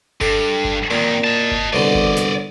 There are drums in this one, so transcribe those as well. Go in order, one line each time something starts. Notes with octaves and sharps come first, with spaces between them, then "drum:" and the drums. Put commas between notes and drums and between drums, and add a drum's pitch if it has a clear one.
G2 A4, drum: kick G1
drum: kick G1
F2 A#2 D#3
D#5 A5
drum: kick G1
C2 B2 D3 D5 D#5
drum: kick G1
drum: snare